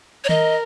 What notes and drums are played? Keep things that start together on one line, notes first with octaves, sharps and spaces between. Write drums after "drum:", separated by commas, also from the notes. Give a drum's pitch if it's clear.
C#5
A#4 D#5, drum: tom D#3